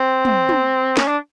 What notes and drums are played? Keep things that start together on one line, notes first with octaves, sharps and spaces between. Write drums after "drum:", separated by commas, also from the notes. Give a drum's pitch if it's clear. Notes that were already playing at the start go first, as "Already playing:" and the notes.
Already playing: C4
drum: tom
drum: tom
C#4, drum: snare
D4